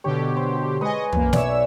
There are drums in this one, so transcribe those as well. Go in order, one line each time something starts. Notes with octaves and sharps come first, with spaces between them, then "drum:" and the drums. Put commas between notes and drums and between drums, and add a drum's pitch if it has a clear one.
B2 D3 G4 C#5
C5
G#3 B4 D#5 G#5 C#6
F#2 A#3, drum: tom
B1 C#5 D5 E5 E6, drum: snare